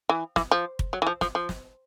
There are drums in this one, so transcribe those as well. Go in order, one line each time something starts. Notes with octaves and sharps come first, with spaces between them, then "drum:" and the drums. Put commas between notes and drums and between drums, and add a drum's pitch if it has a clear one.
E3
E3, drum: snare
F3
drum: kick
F#3
E3
F3
F3, drum: snare
F3
drum: snare